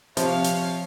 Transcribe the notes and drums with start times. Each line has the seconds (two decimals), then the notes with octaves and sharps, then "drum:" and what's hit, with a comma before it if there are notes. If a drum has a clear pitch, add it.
0.17 C3 F3 C#5 F5, drum: hi-hat
0.44 drum: hi-hat